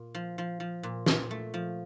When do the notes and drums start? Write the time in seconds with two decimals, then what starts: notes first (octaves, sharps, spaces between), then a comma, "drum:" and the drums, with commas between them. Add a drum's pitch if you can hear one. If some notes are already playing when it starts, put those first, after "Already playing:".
Already playing: A#2
0.15 F3
0.38 F3
0.60 F3
0.83 A#2
1.06 A#2, drum: snare
1.31 A3
1.54 F3